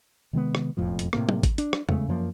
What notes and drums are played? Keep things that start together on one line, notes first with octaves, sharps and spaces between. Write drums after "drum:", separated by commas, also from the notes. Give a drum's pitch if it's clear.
C3 D#3 G#3 B3
drum: rim click
E1 F2 A2 F3
drum: hi-hat
A2 C3 A#3, drum: rim click
drum: tom
drum: kick G#1, hi-hat
D4, drum: hi-hat
drum: rim click
E2 C#3 G#3 A3, drum: tom
F#2 F3 A#3